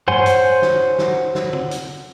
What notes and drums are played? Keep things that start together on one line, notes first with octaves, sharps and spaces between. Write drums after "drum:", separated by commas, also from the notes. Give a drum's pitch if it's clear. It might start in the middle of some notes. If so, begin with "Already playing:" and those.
C5 C#5 F#5 G#5 C6, drum: tom G2
drum: hi-hat
drum: snare
drum: snare
drum: snare
drum: tom
drum: hi-hat